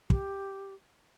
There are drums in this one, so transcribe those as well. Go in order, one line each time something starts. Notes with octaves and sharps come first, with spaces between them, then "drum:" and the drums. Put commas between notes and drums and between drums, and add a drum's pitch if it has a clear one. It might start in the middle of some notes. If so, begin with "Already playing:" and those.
G4, drum: kick